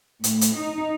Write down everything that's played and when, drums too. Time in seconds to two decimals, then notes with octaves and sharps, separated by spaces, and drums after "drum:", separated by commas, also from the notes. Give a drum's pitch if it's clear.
0.24 A2, drum: hi-hat
0.41 drum: hi-hat
0.56 D#4